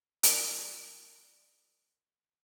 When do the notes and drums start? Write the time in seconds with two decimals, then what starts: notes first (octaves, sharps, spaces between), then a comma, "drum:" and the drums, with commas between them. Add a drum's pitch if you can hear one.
0.23 F4 A#4 D5 A5 C6, drum: hi-hat